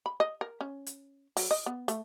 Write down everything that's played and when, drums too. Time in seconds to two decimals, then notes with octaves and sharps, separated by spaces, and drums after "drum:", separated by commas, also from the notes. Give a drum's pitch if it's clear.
0.06 B5
0.20 D#5
0.41 A#4
0.61 C#4
0.86 drum: hi-hat
1.37 F#3, drum: open hi-hat
1.51 D#5
1.66 B3
1.88 A3, drum: hi-hat